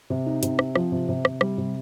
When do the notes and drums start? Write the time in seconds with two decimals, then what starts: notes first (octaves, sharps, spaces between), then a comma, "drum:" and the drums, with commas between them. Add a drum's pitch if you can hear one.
0.10 C3
0.26 D#4
0.43 C3, drum: hi-hat
0.59 C4, drum: rim click
0.76 F3, drum: rim click
0.92 C3
1.09 C3
1.25 C3, drum: rim click
1.41 G3, drum: rim click
1.58 C3